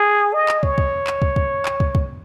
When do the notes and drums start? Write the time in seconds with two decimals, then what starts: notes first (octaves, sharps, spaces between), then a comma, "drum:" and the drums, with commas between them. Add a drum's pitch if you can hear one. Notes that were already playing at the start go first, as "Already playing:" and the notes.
Already playing: G#4
0.34 D#5
0.49 drum: clap
0.63 C#5, drum: kick
0.78 drum: kick
1.07 drum: clap
1.22 drum: kick
1.36 drum: kick
1.66 drum: clap
1.80 drum: kick
1.95 drum: kick